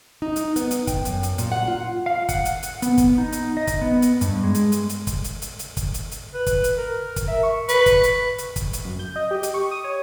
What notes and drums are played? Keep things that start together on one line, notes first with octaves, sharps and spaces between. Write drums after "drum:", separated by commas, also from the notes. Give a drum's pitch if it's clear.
D#4
drum: hi-hat
B3, drum: hi-hat
drum: hi-hat
G5, drum: kick, hi-hat
F#2, drum: hi-hat
drum: hi-hat
A#2, drum: hi-hat
F#5
F4
F5
F#5, drum: kick, hi-hat
drum: hi-hat
drum: hi-hat
B3, drum: hi-hat
drum: kick, hi-hat
D#4
drum: hi-hat
D#5
drum: kick, hi-hat
B3
drum: hi-hat
G2, drum: hi-hat
G#3
drum: hi-hat
drum: hi-hat
drum: hi-hat
drum: kick, hi-hat
drum: hi-hat
drum: hi-hat
drum: hi-hat
drum: kick, hi-hat
drum: hi-hat
drum: hi-hat
B4
drum: kick, hi-hat
drum: hi-hat
A#4
drum: kick, hi-hat
E5
C#6
B4, drum: hi-hat
drum: kick, hi-hat
drum: hi-hat
drum: hi-hat
drum: kick, hi-hat
drum: hi-hat
F#2
G6
D#5
G4
drum: hi-hat
C#6
D#6
C#5